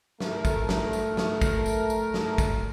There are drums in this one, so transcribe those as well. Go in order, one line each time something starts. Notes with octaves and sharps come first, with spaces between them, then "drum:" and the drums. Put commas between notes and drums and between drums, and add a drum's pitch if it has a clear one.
A3 A#4, drum: snare
drum: kick, tambourine
drum: snare
drum: tambourine
drum: snare
drum: kick, tambourine
drum: tambourine
drum: tambourine
drum: snare
drum: kick, tambourine